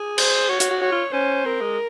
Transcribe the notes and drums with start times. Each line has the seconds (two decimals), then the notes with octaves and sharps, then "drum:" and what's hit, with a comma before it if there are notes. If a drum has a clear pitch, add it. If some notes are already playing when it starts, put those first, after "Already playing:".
Already playing: G#4
0.18 C5, drum: cymbal
0.49 F#4 C#5
0.60 F#4, drum: hi-hat
0.71 F#4
0.81 F#4 C#5
0.92 F4
1.13 C#4 C5
1.45 C4 A#4
1.61 G#3